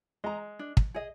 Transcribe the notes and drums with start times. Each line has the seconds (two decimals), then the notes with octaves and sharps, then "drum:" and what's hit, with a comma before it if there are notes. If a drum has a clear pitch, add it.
0.24 G#3 D#5 A#5
0.59 D4
0.77 drum: kick
0.94 G#4 D#5